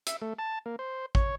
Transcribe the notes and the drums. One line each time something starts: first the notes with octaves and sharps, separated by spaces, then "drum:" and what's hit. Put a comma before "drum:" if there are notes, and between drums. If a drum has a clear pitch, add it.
E5, drum: hi-hat
A3
A5
A#3
C5
C#5, drum: kick A1